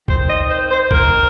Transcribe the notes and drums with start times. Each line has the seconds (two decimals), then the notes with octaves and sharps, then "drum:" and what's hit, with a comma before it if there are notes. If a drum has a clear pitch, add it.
0.08 D#3 C4 C5, drum: kick C#2
0.30 D#5
0.50 C5
0.70 C5
0.91 D#3 C4 A#4, drum: kick C#2